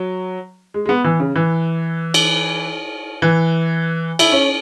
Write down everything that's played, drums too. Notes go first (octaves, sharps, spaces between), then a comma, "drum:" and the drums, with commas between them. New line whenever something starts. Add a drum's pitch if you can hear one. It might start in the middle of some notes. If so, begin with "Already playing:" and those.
Already playing: F#3
G#3
G#3
B3
E3
C#3
E3
drum: cymbal
E3
E4, drum: cymbal
C#4